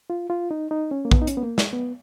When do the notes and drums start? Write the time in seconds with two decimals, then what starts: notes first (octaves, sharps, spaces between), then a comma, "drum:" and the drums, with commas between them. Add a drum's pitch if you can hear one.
0.10 F4
0.30 F4
0.51 D#4
0.71 D#4
0.91 C#4
1.05 A#3
1.11 B3, drum: kick
1.21 D#4
1.27 C#4, drum: hi-hat
1.37 B3
1.43 A#3
1.58 drum: snare
1.73 B3